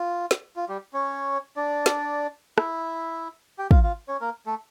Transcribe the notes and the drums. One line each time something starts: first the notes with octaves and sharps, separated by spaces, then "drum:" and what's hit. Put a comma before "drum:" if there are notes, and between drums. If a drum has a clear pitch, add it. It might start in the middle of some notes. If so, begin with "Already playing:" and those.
Already playing: F4
drum: snare
F4
G3 G4
C#4 C#5
D4 D5
drum: snare
E4 E5, drum: rim click
G4 G5
F4 F5, drum: kick
F4 F5
C#4 C#5
A#3 A#4
A3 A4